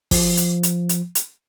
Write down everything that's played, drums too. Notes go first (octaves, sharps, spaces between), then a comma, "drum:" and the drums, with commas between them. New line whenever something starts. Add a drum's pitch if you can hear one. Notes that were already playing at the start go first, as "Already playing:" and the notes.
F3, drum: kick, open hi-hat
drum: hi-hat
drum: hi-hat
drum: hi-hat
drum: hi-hat